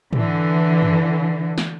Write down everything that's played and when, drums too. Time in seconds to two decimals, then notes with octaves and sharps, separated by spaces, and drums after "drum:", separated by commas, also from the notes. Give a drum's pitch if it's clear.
0.13 D3 E3, drum: tom
0.82 drum: tom F#2
1.58 drum: snare